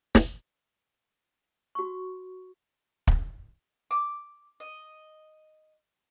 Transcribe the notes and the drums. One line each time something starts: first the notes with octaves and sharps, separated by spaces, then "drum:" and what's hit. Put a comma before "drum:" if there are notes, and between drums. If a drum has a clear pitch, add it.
drum: snare
F#4 C#6
drum: kick
D6
D#5